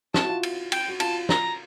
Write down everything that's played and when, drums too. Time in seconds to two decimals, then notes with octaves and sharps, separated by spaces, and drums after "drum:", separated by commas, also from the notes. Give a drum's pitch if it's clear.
0.14 E4 A5, drum: snare
0.24 F#4
0.29 F4
0.43 drum: cymbal
0.72 G5, drum: cymbal
0.88 F#4
1.00 F4 A5, drum: cymbal
1.29 A#5, drum: snare